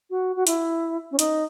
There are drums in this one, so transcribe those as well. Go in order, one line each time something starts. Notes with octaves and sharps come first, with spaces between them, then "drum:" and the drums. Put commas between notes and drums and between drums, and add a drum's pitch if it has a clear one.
F#4
F#4
E4, drum: hi-hat
C#4
D#4, drum: hi-hat